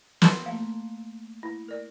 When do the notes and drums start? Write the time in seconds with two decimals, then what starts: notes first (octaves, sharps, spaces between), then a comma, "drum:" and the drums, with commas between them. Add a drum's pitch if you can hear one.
0.22 C6, drum: snare
0.46 A3 A#3 F5
1.43 E4
1.68 A#4 D5